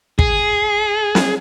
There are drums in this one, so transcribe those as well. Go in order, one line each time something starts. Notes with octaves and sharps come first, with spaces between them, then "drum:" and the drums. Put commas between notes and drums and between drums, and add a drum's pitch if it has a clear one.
G#4, drum: kick
drum: snare